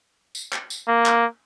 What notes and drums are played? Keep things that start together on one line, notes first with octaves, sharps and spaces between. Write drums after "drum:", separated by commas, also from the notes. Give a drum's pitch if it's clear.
drum: tambourine
drum: clap
drum: tambourine
A#3
drum: clap